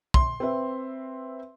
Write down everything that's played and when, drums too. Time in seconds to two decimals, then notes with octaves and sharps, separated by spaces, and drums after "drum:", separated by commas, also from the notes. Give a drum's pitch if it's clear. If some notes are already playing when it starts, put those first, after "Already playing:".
0.14 C6, drum: kick
0.40 C4 B4 E5